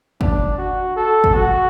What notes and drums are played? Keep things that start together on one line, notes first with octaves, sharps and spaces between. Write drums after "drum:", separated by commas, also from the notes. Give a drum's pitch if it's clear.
D4, drum: kick
F#4
A4
drum: kick
F#4